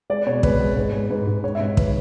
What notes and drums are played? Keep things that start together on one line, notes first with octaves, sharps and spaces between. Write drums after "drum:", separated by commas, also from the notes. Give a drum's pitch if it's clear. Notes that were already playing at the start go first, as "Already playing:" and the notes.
G#3 D5
B2 C#5
G#3 B4, drum: kick
G#3
G#2 B4
G#3
G#2 B4
G#2
G#2 C#5
E5
G#2
B4, drum: kick